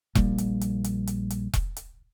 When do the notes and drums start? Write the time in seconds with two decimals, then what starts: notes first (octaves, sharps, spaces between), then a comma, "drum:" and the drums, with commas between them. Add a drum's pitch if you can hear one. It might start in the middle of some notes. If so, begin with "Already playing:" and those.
0.15 A#1 G3 A#3, drum: kick E1, hi-hat
0.38 drum: hi-hat
0.61 drum: hi-hat
0.84 drum: hi-hat
1.07 drum: hi-hat
1.30 drum: hi-hat
1.53 drum: kick E1, hi-hat
1.76 drum: hi-hat